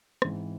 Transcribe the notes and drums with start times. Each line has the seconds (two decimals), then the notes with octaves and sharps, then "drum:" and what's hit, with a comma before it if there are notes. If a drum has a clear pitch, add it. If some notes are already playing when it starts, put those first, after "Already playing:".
0.22 G#2 E3 G#3 C4, drum: rim click